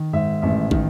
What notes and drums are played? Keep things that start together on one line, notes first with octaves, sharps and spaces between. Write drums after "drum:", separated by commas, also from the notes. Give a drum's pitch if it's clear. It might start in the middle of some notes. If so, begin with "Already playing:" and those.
Already playing: D#3
G#2 E5
A1 E5
D#3, drum: kick